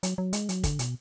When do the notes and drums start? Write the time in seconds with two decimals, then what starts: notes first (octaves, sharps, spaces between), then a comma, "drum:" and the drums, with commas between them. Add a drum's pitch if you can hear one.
0.03 F#3, drum: hi-hat
0.18 F#3
0.33 G#3, drum: hi-hat
0.49 F#3, drum: hi-hat
0.64 D3, drum: kick, hi-hat
0.79 B2, drum: hi-hat